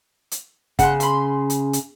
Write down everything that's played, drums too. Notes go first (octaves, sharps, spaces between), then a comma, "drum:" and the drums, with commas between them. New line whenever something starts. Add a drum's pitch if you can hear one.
drum: hi-hat
C#3 F#5 C6, drum: kick, hi-hat
B5 C6, drum: hi-hat
drum: hi-hat
drum: hi-hat